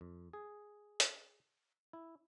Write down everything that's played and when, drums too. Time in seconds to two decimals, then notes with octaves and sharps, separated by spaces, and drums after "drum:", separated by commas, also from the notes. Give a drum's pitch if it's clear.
0.01 F2
0.33 G#4
1.00 drum: hi-hat
1.93 E4